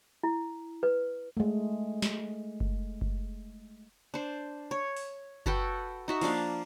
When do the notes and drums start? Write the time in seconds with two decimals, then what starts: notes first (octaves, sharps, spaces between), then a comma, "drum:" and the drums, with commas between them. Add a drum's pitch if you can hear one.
0.23 E4
0.83 B4
1.37 G#3 A3
2.02 drum: snare
2.60 drum: kick F#1
3.01 drum: kick F#1
4.14 D4 C5
4.71 C#5
4.97 drum: open hi-hat
5.46 F#4 A4 B4 G5, drum: kick F#1
6.08 D#4 F#4 E5
6.21 F3 A#3 D4 F5, drum: cymbal